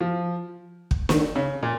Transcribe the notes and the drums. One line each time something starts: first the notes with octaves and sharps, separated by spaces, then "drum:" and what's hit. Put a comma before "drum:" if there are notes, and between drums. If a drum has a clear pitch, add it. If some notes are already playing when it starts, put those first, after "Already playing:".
F3
drum: kick
D#3, drum: snare
C#3
A#2